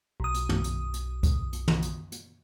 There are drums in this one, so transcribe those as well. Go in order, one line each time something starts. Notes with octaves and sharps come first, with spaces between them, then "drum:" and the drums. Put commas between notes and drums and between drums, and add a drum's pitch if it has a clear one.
B1 D#6
drum: hi-hat
drum: tom
drum: hi-hat
drum: hi-hat
drum: kick, hi-hat
drum: hi-hat
drum: tom
drum: hi-hat
drum: hi-hat